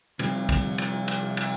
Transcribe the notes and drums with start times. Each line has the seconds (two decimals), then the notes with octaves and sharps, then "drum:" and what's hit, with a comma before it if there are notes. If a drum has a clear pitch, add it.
0.19 C3 F3 G3 C4 D#4, drum: cymbal
0.49 drum: kick, cymbal
0.78 drum: cymbal
1.08 drum: cymbal
1.37 drum: cymbal